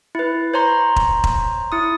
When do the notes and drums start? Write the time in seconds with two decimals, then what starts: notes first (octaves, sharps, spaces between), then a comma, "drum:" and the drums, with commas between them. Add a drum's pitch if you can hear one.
0.15 E4 B4
0.54 C5 C#5 A#5 C6
0.96 drum: kick E1
1.24 drum: kick E1
1.72 E4 D#6